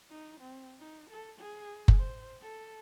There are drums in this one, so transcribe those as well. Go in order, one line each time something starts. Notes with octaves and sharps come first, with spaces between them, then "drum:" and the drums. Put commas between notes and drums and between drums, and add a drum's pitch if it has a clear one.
D#4
C4
D#4
A4
G#4
drum: kick F#1
C5
A4